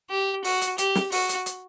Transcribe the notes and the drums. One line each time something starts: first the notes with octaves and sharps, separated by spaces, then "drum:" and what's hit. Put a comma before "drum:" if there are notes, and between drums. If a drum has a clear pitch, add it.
G4
F#4, drum: open hi-hat
drum: hi-hat
G4, drum: hi-hat
drum: snare
F#4, drum: open hi-hat
drum: hi-hat
drum: hi-hat